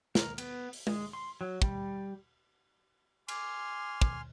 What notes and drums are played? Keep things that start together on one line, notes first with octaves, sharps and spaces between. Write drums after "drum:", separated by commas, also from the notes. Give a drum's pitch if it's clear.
A#4, drum: snare
B3, drum: cymbal
drum: open hi-hat
G#3, drum: tom G#3
C6
F#3
G3, drum: kick
G#5 C6 D6 F6, drum: cymbal
drum: kick